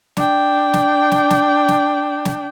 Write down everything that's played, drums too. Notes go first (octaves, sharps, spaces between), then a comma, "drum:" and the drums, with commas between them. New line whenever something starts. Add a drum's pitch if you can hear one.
D4 G5, drum: snare
drum: snare
drum: snare
drum: snare
drum: snare
drum: snare